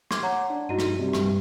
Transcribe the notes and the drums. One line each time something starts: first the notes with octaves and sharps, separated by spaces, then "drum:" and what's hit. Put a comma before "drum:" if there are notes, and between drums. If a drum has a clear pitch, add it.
C6 D6 G#6, drum: rim click
C#5 F#5 A#5
D4
G2 D#4 E4 F#4 D#7
drum: rim click
C3 G3
G2, drum: rim click